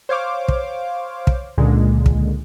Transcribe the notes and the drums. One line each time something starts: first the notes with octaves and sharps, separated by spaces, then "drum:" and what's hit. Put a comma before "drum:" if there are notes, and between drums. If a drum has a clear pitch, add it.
C5 C#5 F5 D6
drum: kick
drum: kick
C#2 A#2 D3 G#3
drum: kick